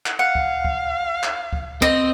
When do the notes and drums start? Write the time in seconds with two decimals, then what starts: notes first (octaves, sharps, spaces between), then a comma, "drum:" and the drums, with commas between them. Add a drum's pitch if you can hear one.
0.06 drum: clap
0.19 F5 F#5
0.35 drum: kick
0.65 drum: kick
1.23 drum: clap
1.53 drum: kick
1.82 C4 D#5, drum: kick